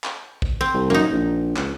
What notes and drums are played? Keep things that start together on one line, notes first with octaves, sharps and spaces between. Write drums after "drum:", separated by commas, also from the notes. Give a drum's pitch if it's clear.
drum: clap
drum: kick A#1
C4
C2
F#2 A#3 D#4
A#1
C#2, drum: clap